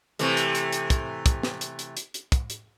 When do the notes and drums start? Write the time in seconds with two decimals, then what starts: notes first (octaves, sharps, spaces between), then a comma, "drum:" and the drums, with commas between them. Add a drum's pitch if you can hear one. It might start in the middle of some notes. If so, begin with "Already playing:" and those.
0.19 C3 E3 A3, drum: hi-hat
0.37 drum: hi-hat
0.55 drum: hi-hat
0.73 drum: hi-hat
0.90 drum: kick, hi-hat
1.26 drum: kick, hi-hat
1.43 drum: snare
1.61 drum: hi-hat
1.79 drum: hi-hat
1.97 drum: hi-hat
2.14 drum: hi-hat
2.32 drum: kick, hi-hat
2.50 drum: hi-hat